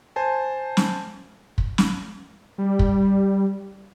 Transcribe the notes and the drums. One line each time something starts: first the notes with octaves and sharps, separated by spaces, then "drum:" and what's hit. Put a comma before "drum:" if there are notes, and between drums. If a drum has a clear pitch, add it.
C5 G#5 A5
drum: snare
drum: kick
drum: snare
G3
drum: kick